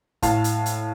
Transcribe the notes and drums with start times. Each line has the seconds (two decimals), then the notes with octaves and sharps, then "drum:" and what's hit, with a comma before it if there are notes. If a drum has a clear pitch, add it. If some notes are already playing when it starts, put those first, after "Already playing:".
0.22 A2 F5 A5, drum: kick G1, hi-hat
0.44 drum: hi-hat
0.66 drum: hi-hat